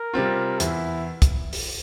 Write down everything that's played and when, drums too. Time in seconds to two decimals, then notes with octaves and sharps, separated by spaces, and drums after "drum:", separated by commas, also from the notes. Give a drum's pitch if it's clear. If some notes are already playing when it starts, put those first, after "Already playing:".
Already playing: A#4
0.13 C3 G3 C4 F4
0.60 E2 E4, drum: hi-hat
1.22 drum: kick, hi-hat
1.53 drum: open hi-hat